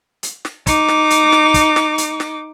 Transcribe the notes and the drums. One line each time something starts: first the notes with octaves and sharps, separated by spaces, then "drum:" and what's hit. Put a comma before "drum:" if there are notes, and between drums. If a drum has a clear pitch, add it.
drum: hi-hat
drum: snare
D#4 D6, drum: kick, hi-hat
drum: snare
drum: hi-hat
drum: snare
drum: kick, hi-hat
drum: snare
drum: hi-hat
drum: snare